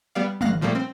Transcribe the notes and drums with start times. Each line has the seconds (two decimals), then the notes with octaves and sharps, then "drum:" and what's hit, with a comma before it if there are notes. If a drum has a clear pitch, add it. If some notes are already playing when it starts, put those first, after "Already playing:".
0.15 G3 B3 D5 F5
0.41 G#1 F5 F#6 A#6, drum: tom
0.61 A#2 F3 G3 A3 A#3
0.75 C4